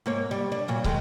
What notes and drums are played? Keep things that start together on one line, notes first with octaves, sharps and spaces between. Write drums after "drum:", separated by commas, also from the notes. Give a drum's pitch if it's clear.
G#2 A#3 C#5
G3
D4
G2 A#2 F#3
D#3 G#3 A3, drum: kick